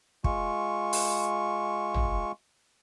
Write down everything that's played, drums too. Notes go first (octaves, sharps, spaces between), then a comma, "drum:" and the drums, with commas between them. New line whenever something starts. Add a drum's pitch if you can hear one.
G#3 F4 C#6, drum: kick
drum: open hi-hat
drum: tom